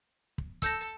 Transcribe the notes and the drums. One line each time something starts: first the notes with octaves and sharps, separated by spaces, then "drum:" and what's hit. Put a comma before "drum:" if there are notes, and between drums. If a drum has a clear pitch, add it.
drum: kick
A4 E6 G6 A#6, drum: kick, hi-hat